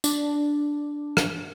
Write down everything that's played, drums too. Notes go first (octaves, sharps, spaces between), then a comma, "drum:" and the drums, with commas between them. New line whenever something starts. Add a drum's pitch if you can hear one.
D4, drum: tambourine
drum: rim click